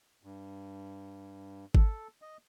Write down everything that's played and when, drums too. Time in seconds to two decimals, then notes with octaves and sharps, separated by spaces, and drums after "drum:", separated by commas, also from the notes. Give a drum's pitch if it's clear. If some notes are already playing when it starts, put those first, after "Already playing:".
0.23 G2
1.75 A4, drum: kick G#1
2.22 D#5